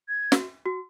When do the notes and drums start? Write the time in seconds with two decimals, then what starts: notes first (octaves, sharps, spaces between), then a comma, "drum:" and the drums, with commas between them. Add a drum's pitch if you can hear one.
0.09 G#6
0.32 F#4, drum: snare
0.66 F#4